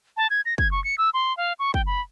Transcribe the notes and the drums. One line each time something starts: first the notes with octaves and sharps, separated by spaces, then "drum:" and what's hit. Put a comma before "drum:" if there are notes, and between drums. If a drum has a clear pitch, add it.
A5
G#6
A#6
G#6, drum: kick
C#6
C#7
E6
C6
F5
C#6
G5, drum: kick
B5